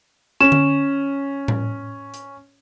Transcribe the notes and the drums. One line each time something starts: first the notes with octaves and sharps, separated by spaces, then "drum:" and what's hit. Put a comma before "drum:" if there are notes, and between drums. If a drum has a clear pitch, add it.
C#4 E7
drum: tom D3
drum: tom A2
drum: hi-hat